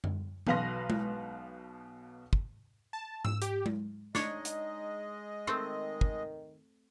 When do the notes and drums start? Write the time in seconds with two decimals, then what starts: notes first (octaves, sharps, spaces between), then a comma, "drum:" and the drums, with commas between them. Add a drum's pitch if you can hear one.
0.04 drum: tom F#2
0.47 B1 B2 B4 F5 C6 A#6, drum: tom E3
0.90 drum: tom G#3
2.33 drum: kick
2.93 A5
3.25 E6, drum: tom G#2
3.42 G4, drum: hi-hat
3.66 drum: tom G#3
4.15 G#3 D4 D#4 C#5 D#5, drum: snare
4.45 drum: hi-hat
5.47 D#3 A3 C4
6.01 drum: kick